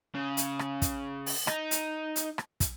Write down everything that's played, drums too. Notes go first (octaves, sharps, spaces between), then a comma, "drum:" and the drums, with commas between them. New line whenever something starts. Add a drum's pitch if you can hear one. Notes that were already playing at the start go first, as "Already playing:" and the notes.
C#3
drum: hi-hat
drum: rim click
drum: kick, hi-hat
drum: open hi-hat
D#4, drum: rim click
drum: hi-hat
drum: hi-hat
drum: rim click
drum: kick, hi-hat